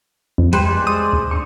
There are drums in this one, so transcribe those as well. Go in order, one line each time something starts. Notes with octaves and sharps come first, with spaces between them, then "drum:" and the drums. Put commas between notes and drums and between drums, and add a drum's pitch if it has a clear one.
F2
G3 B4 C5, drum: hi-hat
G#3 C5 D5
D#6
drum: kick D2
D3 C#6